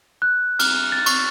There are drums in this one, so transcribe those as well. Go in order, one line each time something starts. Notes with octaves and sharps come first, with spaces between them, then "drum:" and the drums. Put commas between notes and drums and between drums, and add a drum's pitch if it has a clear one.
F#6
F6, drum: cymbal
A6
C#6, drum: cymbal